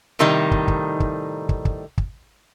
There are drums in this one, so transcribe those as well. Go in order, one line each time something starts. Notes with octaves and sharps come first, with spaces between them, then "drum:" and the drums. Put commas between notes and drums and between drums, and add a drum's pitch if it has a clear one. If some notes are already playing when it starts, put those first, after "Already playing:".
A2 C3 D#3 G3 D#4
drum: kick
drum: kick
drum: kick
drum: kick
drum: kick
drum: kick